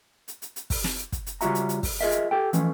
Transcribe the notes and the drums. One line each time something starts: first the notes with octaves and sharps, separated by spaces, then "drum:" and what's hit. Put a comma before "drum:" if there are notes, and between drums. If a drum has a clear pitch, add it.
drum: hi-hat
drum: hi-hat
drum: hi-hat
drum: kick, open hi-hat
drum: snare
drum: hi-hat
drum: kick, hi-hat
drum: hi-hat
C#3 G3 F4 F#4 E5 A#5, drum: hi-hat
drum: hi-hat
drum: hi-hat
drum: kick, open hi-hat
F4 G#4 A#4 D#5 E5
drum: hi-hat
G4 A4 G5
E3 F3 A3 C#4, drum: hi-hat